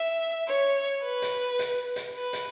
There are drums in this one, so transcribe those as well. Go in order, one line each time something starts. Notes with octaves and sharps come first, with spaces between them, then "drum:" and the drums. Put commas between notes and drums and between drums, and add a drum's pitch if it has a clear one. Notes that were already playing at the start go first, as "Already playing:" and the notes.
Already playing: E5
C#5
B4
drum: hi-hat
drum: hi-hat
drum: hi-hat
B4
drum: hi-hat